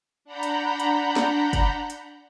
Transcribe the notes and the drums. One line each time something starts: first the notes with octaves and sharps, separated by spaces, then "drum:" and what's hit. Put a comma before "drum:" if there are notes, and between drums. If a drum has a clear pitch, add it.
D4 F#5 A#5 B5 G6
drum: hi-hat
drum: hi-hat
drum: snare
drum: kick, hi-hat
drum: hi-hat